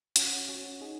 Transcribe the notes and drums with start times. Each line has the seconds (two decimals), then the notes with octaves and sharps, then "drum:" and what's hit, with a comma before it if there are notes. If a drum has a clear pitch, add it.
0.16 C#4 F#4, drum: hi-hat
0.49 C#4 F#4
0.81 D#4 G#4